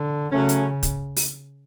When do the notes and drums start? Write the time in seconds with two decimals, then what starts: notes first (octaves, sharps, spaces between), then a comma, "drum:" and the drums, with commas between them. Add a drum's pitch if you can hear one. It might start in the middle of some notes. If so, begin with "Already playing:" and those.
Already playing: D3
0.32 C#3 F#3 A3 C#4
0.49 drum: hi-hat
0.83 drum: kick, hi-hat
1.16 drum: open hi-hat